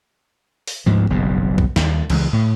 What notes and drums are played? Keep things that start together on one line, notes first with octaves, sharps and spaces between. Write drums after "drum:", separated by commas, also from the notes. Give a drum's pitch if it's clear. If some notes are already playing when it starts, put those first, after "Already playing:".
drum: open hi-hat
D2 G#2 F3
F#1 B1 E2 G2
drum: kick B1
D#2, drum: snare
C#2 E3 F#3 G#3, drum: cymbal
A2